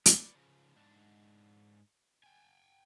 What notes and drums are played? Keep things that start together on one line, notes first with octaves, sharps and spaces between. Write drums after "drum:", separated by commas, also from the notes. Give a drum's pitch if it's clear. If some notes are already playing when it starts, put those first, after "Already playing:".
B3 D5, drum: hi-hat
C#3 F3
G#2 D4
G5 G#5